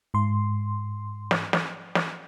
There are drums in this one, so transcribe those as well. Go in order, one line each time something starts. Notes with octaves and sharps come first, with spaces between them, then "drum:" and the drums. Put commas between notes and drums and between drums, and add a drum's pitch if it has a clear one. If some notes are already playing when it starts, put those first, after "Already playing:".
G#2 C6
drum: snare
drum: snare
drum: snare